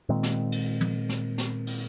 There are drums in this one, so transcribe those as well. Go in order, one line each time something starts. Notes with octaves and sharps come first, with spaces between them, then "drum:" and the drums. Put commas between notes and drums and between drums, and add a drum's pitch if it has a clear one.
A#2 D#3 G#3 C4
drum: snare
drum: cymbal
drum: tom
drum: snare
drum: snare
drum: cymbal